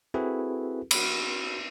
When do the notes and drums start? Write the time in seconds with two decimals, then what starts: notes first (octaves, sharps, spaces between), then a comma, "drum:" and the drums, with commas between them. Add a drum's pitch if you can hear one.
0.14 C4 E4 F#4 G#4 A4 B4
0.91 F#4 B5, drum: cymbal